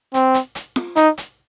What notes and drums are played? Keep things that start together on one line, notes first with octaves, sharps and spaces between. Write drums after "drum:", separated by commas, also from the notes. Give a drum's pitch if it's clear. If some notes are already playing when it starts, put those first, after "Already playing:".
C4, drum: hi-hat
drum: hi-hat
drum: hi-hat
drum: snare F4
D#4, drum: hi-hat
drum: hi-hat